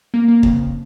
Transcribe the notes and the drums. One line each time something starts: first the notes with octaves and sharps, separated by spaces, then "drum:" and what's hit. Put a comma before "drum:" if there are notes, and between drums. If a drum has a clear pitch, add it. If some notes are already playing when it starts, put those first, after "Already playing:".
A#3
A#3
F2 C#3, drum: kick